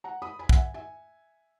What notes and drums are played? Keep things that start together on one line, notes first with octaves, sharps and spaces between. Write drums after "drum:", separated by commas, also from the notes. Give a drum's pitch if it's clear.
F#5 A#5
B5 D#6
G#5 B5
F#5, drum: kick
E5 G#5
E5 G#5